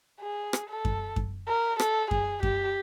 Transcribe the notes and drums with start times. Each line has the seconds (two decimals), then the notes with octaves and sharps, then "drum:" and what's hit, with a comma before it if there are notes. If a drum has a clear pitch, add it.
0.21 G#4
0.53 drum: rim click
0.70 A4
0.85 drum: kick F#2
1.16 drum: kick F#2
1.49 A#4
1.80 A4, drum: rim click
2.11 G#4, drum: kick F#2
2.43 G4, drum: kick F#2